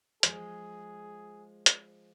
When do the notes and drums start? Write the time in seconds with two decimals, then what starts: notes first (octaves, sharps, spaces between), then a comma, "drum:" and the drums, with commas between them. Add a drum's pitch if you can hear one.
0.23 F3 G#3 G#4, drum: hi-hat
1.66 drum: hi-hat